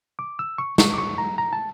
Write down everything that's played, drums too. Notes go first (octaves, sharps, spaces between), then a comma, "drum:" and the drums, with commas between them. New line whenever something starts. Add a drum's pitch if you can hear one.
D6
E6
C#6
C#6, drum: snare
D6
C#6
A#5
A#5
A5